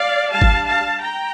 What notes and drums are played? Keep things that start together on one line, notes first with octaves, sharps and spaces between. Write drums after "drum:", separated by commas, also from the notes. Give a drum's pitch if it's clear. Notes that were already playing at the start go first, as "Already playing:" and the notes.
Already playing: D5 F5
G3 D4 F5 A5
drum: kick
F5 A5
G5 A#5